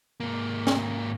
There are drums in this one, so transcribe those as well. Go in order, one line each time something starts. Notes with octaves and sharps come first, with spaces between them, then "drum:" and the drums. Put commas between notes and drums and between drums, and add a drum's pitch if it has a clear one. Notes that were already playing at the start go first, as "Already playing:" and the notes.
G#2 A#3
drum: snare